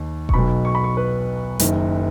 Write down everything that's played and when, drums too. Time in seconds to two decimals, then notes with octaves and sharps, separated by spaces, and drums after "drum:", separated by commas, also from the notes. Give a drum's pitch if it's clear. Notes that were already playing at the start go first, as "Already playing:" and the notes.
Already playing: D#2 D#3
0.29 C#6, drum: kick E1
0.34 B1 B2 B5
0.65 C#6
0.75 B5
0.84 C#6
0.97 B4
1.60 F#1 F#2 D#3, drum: hi-hat